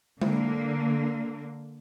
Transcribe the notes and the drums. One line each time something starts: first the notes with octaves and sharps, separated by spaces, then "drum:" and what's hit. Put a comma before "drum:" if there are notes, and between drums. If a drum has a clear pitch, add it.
D3 A#3, drum: tom G#3